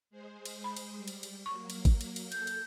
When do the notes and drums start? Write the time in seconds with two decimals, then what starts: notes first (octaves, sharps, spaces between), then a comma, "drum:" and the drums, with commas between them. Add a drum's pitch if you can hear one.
0.10 G#3 G#4 C5
0.45 drum: cymbal
0.64 B5
0.77 drum: cymbal
0.96 G3
1.08 drum: cymbal
1.23 drum: cymbal
1.46 F#3 A#3 C#6
1.70 drum: cymbal
1.85 drum: kick, cymbal
2.01 drum: cymbal
2.16 drum: cymbal
2.32 A4 G6, drum: cymbal
2.47 drum: cymbal